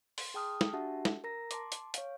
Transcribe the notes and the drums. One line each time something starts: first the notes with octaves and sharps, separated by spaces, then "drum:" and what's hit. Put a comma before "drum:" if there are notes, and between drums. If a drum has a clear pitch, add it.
C6, drum: open hi-hat
G#4 G5 A5 D#6 F6
drum: snare
D4 F#4 G4 E5 F#5 A5
drum: snare
A#4 A#5 A#6
A5 C6 D6, drum: hi-hat
drum: hi-hat
C#5 F5, drum: hi-hat